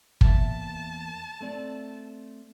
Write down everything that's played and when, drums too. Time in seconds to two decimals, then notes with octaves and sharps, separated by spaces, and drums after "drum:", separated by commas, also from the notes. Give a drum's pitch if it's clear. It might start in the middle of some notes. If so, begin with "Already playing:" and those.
0.21 E2 A#3 E5 A5, drum: kick
1.41 A3 C4 D5